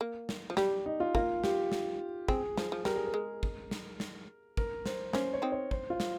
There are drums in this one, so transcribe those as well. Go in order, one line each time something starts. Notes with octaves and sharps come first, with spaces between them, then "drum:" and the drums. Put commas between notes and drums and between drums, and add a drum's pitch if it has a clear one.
A#3
drum: snare
F3
G3 G4, drum: snare
D#4
F4
A#3 F4, drum: kick
G4, drum: snare
drum: snare
C4 G#4, drum: kick
F3, drum: snare
F3
G3 A#4, drum: snare
G#4
A#4
G#3
drum: kick
drum: snare
drum: snare
A#4, drum: kick
C5, drum: snare
A#3 C#4 C5, drum: snare
C#5
C4 D#4
C#5
C5, drum: kick
F4
drum: snare